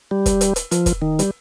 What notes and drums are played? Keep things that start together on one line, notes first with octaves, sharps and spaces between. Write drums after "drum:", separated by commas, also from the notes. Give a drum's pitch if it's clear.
G3
drum: kick, hi-hat
drum: hi-hat
drum: hi-hat
F3, drum: hi-hat
drum: kick, hi-hat
D#3
G3, drum: hi-hat